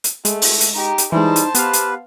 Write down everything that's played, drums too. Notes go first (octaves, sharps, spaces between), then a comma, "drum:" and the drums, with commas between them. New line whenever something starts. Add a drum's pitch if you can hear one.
drum: hi-hat
G#3 A3, drum: hi-hat
drum: open hi-hat
drum: hi-hat
D#4 G4 A#5
drum: hi-hat
E3 G3 G#3 D#4 C5 A5
drum: hi-hat
B3 G4 B4 F5, drum: hi-hat
drum: hi-hat